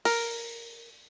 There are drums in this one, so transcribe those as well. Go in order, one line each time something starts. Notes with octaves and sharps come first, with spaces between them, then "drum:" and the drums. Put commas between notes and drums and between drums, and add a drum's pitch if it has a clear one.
A#4, drum: open hi-hat